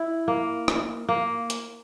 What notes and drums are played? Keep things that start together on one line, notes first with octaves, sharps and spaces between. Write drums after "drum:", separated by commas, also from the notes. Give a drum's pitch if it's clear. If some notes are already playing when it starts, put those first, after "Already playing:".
Already playing: E4
A#3
drum: rim click
A#3
drum: hi-hat